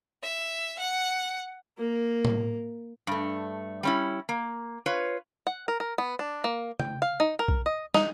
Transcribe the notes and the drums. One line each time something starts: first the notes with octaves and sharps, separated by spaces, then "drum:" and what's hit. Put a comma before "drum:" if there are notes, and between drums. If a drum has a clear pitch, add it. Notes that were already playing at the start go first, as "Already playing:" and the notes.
E5
F#5
A#3 A#4
drum: tom A2
G2 A3
G3 C#4 E4
A#3
F4 B4 C#5
F#5
A#4
A#4
B3
D4
A#3
G5, drum: tom C#3
F5
D#4
A#4
drum: kick B1
D#5
D#4, drum: snare